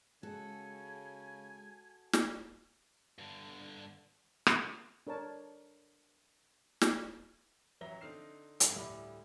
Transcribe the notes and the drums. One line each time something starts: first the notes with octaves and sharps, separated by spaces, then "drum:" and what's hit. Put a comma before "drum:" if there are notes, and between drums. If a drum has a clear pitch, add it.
C#3 G#3 F#4 G#4 A4 G#5
drum: snare
G2 D3
drum: rim click
D4 A#4 C#5 A5
drum: snare
A1 F#3 E5 A#5 A#6 G7
D3 C4 D#4 F6 C7 E7
G2 A3, drum: hi-hat
D2 A2 G3 E4 B5 D6